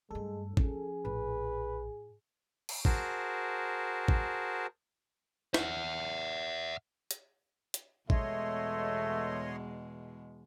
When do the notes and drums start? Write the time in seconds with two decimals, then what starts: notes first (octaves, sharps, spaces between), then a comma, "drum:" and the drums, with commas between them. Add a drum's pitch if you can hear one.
0.11 G2 G#3 A3 A4
0.57 F3 C#4 G#4, drum: kick A1
1.05 A#1 A2 B4
2.69 drum: cymbal
2.85 F#4 G#4 A#4 C5 A5, drum: kick A1
4.08 drum: kick A1
5.54 E5 F#5, drum: snare
7.11 drum: hi-hat
7.74 drum: hi-hat
8.10 E2 B2 G#3 A3 C#5 D#5 E5 C6, drum: kick A1